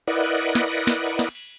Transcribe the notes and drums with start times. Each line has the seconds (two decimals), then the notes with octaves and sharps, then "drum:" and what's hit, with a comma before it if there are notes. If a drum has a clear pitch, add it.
0.08 E4 A#4 B4 D5 D#5 F#5, drum: cymbal
0.23 drum: cymbal
0.39 drum: cymbal
0.55 drum: snare
0.71 drum: cymbal
0.87 drum: snare
1.03 drum: cymbal
1.19 drum: snare
1.35 drum: cymbal